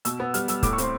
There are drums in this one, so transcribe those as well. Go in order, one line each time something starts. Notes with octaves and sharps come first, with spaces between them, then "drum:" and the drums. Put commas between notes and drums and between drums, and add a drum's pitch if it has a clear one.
B2 E6, drum: hi-hat
B3
G3 F6, drum: hi-hat
G3 E6, drum: hi-hat
A2 D6, drum: kick, hi-hat
C#6
C4 C6, drum: hi-hat